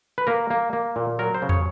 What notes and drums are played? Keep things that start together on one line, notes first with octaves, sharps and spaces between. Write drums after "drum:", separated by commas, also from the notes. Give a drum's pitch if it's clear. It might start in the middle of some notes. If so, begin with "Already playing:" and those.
B4
A#3 A#4
A#3
A#3
A#2
F#3 A#4
C5
C#3
C#5, drum: tom